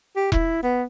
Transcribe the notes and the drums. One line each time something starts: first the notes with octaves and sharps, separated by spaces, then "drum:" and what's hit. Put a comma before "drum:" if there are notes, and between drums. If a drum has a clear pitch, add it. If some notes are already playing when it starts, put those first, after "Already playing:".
G4
E4, drum: kick E1
B3